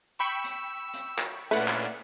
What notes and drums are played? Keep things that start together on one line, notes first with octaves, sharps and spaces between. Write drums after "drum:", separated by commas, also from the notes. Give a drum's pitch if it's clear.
G5 B5 C#6 E6
drum: hi-hat
drum: hi-hat
drum: clap
A#2 A3 C#4 D4 E4 B4 F#5
drum: clap